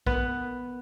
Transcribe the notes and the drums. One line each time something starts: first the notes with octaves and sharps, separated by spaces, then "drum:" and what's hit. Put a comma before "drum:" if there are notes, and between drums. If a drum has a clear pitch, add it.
B3, drum: kick A#1